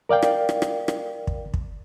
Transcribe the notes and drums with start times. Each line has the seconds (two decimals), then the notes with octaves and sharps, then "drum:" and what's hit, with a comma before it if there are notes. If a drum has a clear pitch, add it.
0.09 A#4 D5 F5 G5
0.23 drum: rim click
0.49 drum: rim click
0.62 drum: rim click
0.88 drum: rim click
1.27 drum: kick
1.54 drum: kick